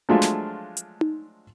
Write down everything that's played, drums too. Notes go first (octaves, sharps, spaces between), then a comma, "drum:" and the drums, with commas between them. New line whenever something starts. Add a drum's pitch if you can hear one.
F3 F#3 G#3 A3 D4 F4
drum: snare
drum: hi-hat
drum: tom D#4